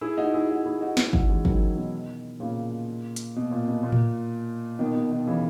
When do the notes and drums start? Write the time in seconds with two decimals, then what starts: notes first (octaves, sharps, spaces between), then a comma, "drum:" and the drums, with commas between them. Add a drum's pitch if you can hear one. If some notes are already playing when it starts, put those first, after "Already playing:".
0.01 E4 G#4
0.17 D#4 F#4
0.34 E4 G#4
0.49 D#4 F#4
0.65 E4 G#4
0.81 D#4 F#4
0.97 C#4 E4, drum: snare
1.13 D#4 F#4, drum: kick
1.29 E3 G#3
1.45 D#3 F#3, drum: kick
1.76 B2 D#3
2.40 A#2 C#3
3.16 drum: hi-hat
3.36 B2
3.51 A#2
3.68 B2
3.83 A#2
3.92 drum: tom A2
4.79 B2 D#3
4.95 B2
5.11 B2 D#3
5.27 C#3 E3